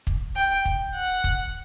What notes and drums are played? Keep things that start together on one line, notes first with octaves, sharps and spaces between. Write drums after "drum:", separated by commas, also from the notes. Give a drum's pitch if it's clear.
drum: kick
G5
drum: kick
F#5
drum: kick